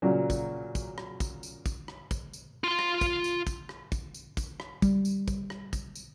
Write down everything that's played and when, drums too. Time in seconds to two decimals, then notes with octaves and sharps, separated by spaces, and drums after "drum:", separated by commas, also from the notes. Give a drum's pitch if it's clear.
0.02 A#2 C#3 F#3
0.30 drum: kick, tambourine
0.75 drum: kick, tambourine
0.98 drum: rim click
1.20 drum: kick, tambourine
1.43 drum: tambourine
1.66 drum: kick, tambourine
1.88 drum: rim click
2.11 drum: kick, tambourine
2.33 drum: tambourine
2.64 F4 C6
2.79 drum: rim click
3.01 drum: kick, tambourine
3.24 drum: tambourine
3.47 drum: kick, tambourine
3.69 drum: rim click
3.92 drum: kick, tambourine
4.14 drum: tambourine
4.37 drum: kick, tambourine
4.60 drum: rim click
4.82 G3, drum: kick, tambourine
5.05 drum: tambourine
5.28 drum: kick, tambourine
5.50 drum: rim click
5.73 drum: kick, tambourine
5.95 drum: tambourine